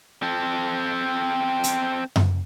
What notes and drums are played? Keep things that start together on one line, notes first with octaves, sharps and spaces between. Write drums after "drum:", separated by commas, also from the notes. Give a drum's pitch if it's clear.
C4 A4
drum: hi-hat
drum: tom F#2